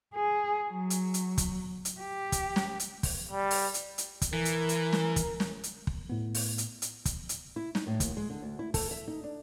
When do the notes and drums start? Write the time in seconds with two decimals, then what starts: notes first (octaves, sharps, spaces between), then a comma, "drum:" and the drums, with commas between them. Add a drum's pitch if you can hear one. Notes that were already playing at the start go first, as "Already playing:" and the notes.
0.14 G#4
0.71 F#3
0.90 drum: hi-hat
1.14 drum: hi-hat
1.38 drum: kick, hi-hat
1.85 drum: hi-hat
2.01 G4
2.32 drum: kick, hi-hat
2.56 drum: snare
2.80 drum: hi-hat
3.03 drum: kick, open hi-hat
3.32 G3
3.51 drum: open hi-hat
3.74 drum: hi-hat
3.98 drum: hi-hat
4.22 drum: kick, hi-hat
4.33 E3 A#4
4.45 drum: hi-hat
4.69 drum: hi-hat
4.93 drum: snare
5.16 drum: kick, hi-hat
5.40 drum: snare
5.64 drum: hi-hat
5.87 drum: kick
6.10 A2 B3
6.34 drum: open hi-hat
6.58 drum: hi-hat
6.82 drum: hi-hat
7.05 drum: kick, hi-hat
7.29 drum: hi-hat
7.56 E4
7.75 D#4, drum: snare
7.87 A2
8.00 D#2, drum: kick, hi-hat
8.17 G#3
8.30 D3
8.42 D2
8.59 E4
8.74 A4, drum: kick, open hi-hat
8.91 E5
9.08 D#4
9.24 D4